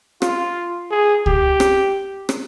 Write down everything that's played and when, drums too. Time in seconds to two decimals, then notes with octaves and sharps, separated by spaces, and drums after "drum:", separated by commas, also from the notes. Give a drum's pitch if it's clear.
0.22 F4, drum: rim click
0.91 G#4
1.26 G4, drum: kick C#2
1.60 drum: rim click
2.29 drum: rim click